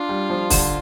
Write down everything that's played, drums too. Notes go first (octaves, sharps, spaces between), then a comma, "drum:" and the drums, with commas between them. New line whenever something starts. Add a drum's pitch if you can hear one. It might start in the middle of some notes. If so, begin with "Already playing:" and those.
Already playing: D4 F4
G3
F3
D3, drum: kick, open hi-hat